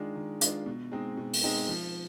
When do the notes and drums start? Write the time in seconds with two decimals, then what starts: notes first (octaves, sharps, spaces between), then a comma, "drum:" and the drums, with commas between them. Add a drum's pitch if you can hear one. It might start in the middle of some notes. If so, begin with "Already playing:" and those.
Already playing: D#3 G#3 D4 F4
0.16 D#3
0.41 G#3 D4 F4, drum: hi-hat
0.66 B2
0.92 G#3 C4 D#4
1.17 B2
1.33 drum: open hi-hat
1.44 G#3 C4 D#4
1.68 F3